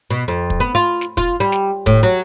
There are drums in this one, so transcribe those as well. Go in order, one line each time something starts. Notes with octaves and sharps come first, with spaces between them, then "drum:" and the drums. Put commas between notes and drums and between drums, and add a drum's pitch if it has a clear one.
B2
F2
drum: kick
B3
F4
drum: snare
F4, drum: kick
G3
drum: snare
A2, drum: kick
F#3